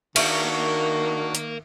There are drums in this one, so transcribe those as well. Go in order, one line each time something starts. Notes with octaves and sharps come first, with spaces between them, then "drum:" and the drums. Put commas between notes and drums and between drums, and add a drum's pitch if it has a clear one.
D#3 D4 F#4 A#4 E5 F5 C#6, drum: cymbal
drum: hi-hat